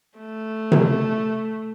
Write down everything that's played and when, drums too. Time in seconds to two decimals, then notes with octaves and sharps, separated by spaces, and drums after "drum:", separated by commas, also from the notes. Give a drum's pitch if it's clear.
0.19 A3
0.72 drum: tom C3